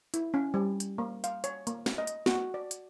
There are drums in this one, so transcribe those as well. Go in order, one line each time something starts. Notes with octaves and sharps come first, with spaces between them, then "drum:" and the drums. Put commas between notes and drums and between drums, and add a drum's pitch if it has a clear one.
E4, drum: hi-hat
C#4
G3
drum: hi-hat
A#3
F5, drum: hi-hat
C#5, drum: hi-hat
A#3, drum: hi-hat
drum: snare
D#5
drum: hi-hat
F#4, drum: snare
D5
drum: hi-hat